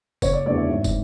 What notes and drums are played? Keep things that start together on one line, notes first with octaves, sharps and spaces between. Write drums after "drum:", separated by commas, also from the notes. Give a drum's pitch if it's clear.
F#1 C#5, drum: kick, tambourine
D5
E2 D3 F#3 A3 D5
E5
G#1
drum: kick, tambourine